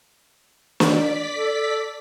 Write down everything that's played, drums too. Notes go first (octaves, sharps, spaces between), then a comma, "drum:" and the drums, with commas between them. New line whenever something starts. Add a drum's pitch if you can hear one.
D5 B6, drum: snare
A4